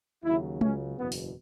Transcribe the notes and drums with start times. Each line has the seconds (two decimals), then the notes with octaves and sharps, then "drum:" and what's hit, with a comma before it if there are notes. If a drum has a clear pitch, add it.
0.24 D#2 C#3 F#3 E4
0.61 C#2 C#3 F#3 C#4, drum: tom G#3
0.97 F#1 E2 B2 B3
1.12 drum: open hi-hat